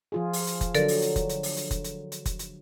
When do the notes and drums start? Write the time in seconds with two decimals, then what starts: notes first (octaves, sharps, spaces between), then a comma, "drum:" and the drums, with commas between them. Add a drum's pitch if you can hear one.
0.12 F3 F4 G#4
0.33 drum: open hi-hat
0.47 drum: hi-hat
0.61 drum: kick F1, hi-hat
0.75 D3 F#3 A4 A#4 D5, drum: hi-hat
0.88 drum: open hi-hat
1.02 drum: hi-hat
1.16 drum: kick F1, hi-hat
1.29 drum: hi-hat
1.43 drum: open hi-hat
1.57 drum: hi-hat
1.71 drum: kick F1, hi-hat
1.84 drum: hi-hat
2.12 drum: hi-hat
2.26 drum: kick F1, hi-hat
2.39 drum: hi-hat